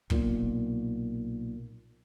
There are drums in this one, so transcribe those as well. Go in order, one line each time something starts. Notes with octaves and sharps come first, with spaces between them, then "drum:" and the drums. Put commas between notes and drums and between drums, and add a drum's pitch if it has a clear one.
B1 A#2, drum: kick